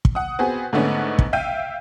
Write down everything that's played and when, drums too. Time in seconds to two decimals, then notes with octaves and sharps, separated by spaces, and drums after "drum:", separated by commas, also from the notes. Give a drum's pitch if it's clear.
0.05 drum: kick
0.15 F#5 D#6
0.39 B3 C4 F#4 G#4
0.73 G#2 D3 A3 B3 C#4 D4
1.19 drum: kick
1.33 E5 F5 G5 G6 D#7